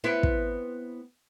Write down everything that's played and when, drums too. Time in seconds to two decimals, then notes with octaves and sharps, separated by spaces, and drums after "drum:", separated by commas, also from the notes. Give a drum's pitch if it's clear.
0.04 B3 C4 E4
0.23 drum: kick